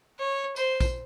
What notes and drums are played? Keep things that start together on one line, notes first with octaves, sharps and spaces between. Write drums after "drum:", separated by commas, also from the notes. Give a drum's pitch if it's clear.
C#5
C5, drum: tambourine
drum: kick, tambourine